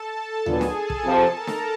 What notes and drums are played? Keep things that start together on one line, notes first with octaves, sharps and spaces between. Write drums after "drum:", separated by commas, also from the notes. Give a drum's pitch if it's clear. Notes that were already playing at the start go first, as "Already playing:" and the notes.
Already playing: A4 A5
A#2 F#3 B3 D4 F4 G#4 G#5, drum: tom D2
drum: snare
A4 A5
drum: kick
F2 C3 F3
A#4 A#5
drum: snare